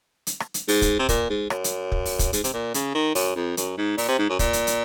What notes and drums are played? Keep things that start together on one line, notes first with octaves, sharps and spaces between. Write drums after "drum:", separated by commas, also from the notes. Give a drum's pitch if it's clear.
drum: hi-hat
drum: rim click
drum: hi-hat
G#2, drum: open hi-hat
drum: kick, hi-hat
C3
A#2, drum: kick, hi-hat
G#2
F#2, drum: rim click
drum: hi-hat
drum: kick
drum: open hi-hat
drum: kick, hi-hat
G#2, drum: hi-hat
C3, drum: hi-hat
A#2
C#3, drum: hi-hat
D#3
F#2, drum: open hi-hat
F2
F#2, drum: hi-hat
G#2
A#2, drum: open hi-hat
C3
G#2
F#2
A#2, drum: kick, hi-hat
drum: hi-hat
drum: hi-hat